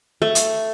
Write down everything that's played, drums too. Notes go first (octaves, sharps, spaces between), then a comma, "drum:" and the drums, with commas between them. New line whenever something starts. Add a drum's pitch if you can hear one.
A3
drum: hi-hat